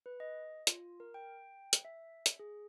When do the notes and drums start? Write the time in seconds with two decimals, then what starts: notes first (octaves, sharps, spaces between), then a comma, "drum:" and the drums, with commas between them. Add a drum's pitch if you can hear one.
0.06 B4
0.20 D#5
0.67 F4, drum: hi-hat
1.00 A#4
1.14 G5
1.73 drum: hi-hat
1.85 E5
2.26 drum: hi-hat
2.39 G#4